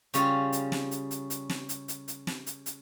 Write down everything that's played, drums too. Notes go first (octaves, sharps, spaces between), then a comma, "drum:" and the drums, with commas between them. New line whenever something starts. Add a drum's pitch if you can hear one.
C#3 G3 C#4 F4 C#5, drum: hi-hat
drum: hi-hat
drum: snare
drum: hi-hat
drum: hi-hat
drum: hi-hat
drum: snare
drum: hi-hat
drum: hi-hat
drum: hi-hat
drum: snare
drum: hi-hat
drum: hi-hat